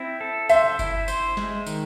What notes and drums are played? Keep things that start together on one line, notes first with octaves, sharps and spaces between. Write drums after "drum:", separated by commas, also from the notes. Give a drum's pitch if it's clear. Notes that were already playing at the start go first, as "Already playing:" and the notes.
Already playing: C4 E4
A4
C5 E5, drum: tambourine
E4, drum: kick G1, tambourine
C5, drum: tambourine
G#3, drum: snare
D#3, drum: tambourine